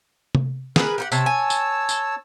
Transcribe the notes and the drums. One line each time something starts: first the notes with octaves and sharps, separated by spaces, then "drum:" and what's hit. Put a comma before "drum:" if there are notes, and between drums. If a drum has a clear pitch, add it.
drum: tom C3
G#4 A#4 B4, drum: snare
G4 B4 F#5
C3 C#5 A5 E6, drum: tambourine
G#5
drum: tambourine
drum: tambourine